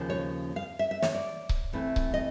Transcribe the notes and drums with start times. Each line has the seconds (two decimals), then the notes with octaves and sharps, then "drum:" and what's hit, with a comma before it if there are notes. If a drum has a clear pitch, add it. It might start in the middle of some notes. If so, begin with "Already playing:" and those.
Already playing: D#2 C#3 F3 A#3
0.10 C#5
0.56 F5
0.79 E5
0.91 E5
1.02 C#5, drum: snare
1.15 D5
1.49 drum: kick C#1
1.73 C3 E3 A3 C4 E4
1.96 drum: kick C#1
2.14 D#5